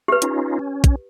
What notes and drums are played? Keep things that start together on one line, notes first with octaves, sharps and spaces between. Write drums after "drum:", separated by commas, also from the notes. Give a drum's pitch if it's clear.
G4 B4
C#4 D#4 F4, drum: hi-hat
C#4
drum: kick, hi-hat